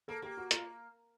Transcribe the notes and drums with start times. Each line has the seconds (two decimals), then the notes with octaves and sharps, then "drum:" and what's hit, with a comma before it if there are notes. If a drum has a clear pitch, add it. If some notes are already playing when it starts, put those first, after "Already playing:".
0.08 A#3 A4
0.22 A#3 G4
0.37 F#4
0.51 F4, drum: hi-hat